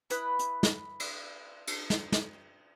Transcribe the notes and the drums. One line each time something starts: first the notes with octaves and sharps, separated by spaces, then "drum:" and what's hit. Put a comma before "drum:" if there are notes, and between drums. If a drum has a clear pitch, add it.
E4 B4 D#6 F#6, drum: hi-hat
drum: hi-hat
drum: snare
drum: cymbal
drum: cymbal
drum: snare
drum: snare